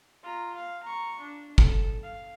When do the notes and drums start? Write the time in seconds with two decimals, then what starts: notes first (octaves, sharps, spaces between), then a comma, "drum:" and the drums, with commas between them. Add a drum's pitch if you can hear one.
0.23 F4 A#5
0.55 F5
0.83 A#5 C#6
1.19 D4
1.58 A4, drum: kick
2.03 F5